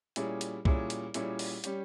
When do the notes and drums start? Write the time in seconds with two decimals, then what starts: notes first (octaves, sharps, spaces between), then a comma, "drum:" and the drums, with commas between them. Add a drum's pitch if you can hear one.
0.16 A#2 G3 C#4 E4 G#4, drum: hi-hat
0.41 drum: hi-hat
0.65 A#2 G3 C#4 E4 G#4, drum: kick C2
0.90 drum: hi-hat
1.14 A#2 G3 C#4 E4 G#4, drum: hi-hat
1.39 drum: open hi-hat
1.64 G3 C#4 G4, drum: hi-hat